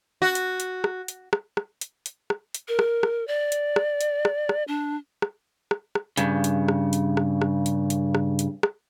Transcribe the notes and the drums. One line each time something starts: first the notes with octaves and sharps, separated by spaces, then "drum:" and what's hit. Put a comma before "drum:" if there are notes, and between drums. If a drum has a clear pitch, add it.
F#4
drum: hi-hat
drum: hi-hat
drum: rim click
drum: hi-hat
drum: rim click
drum: rim click
drum: hi-hat
drum: hi-hat
drum: rim click
drum: hi-hat
A#4
drum: rim click
drum: rim click
D5
drum: hi-hat
drum: rim click
drum: hi-hat
drum: rim click
drum: rim click
D4
drum: rim click
drum: rim click
drum: rim click
G2 C#3, drum: hi-hat
drum: hi-hat
drum: rim click
drum: hi-hat
drum: rim click
drum: rim click
drum: hi-hat
drum: hi-hat
drum: rim click
drum: hi-hat
drum: rim click